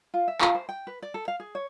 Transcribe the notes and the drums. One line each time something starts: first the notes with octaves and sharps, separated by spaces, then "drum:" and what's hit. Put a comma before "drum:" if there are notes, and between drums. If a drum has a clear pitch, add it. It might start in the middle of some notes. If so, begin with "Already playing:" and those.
F4
E5
F4, drum: clap
C5
G5
B4
D5
A4
F5
G#4
C#5